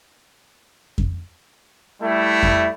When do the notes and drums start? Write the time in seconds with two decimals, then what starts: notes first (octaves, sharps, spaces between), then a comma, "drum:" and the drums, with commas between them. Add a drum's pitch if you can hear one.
0.98 drum: kick F2
2.01 G3 A3 E4
2.43 drum: kick F2